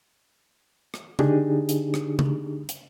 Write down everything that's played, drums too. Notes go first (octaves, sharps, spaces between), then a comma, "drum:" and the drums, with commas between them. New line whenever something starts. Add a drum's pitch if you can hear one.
drum: rim click
D3 D4 D#4 G4 G#4, drum: tom C#3
drum: hi-hat
drum: rim click
drum: tom C#3
drum: hi-hat